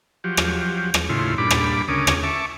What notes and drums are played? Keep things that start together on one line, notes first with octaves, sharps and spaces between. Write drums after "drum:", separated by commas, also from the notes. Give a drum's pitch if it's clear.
F3 F#3 G4
drum: rim click
drum: rim click
D#2 A2 C#3 E4 F4 C6
G2 A#2 D4 B5 D6
drum: rim click
D2 C#3 C#4 A#4 D6 D#6
drum: rim click
E5 A5 C#6 D6